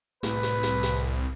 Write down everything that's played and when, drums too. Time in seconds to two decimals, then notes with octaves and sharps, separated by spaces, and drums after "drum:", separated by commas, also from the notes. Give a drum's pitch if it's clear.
0.23 C2 A2 B4, drum: hi-hat
0.43 drum: hi-hat
0.63 drum: hi-hat
0.83 drum: hi-hat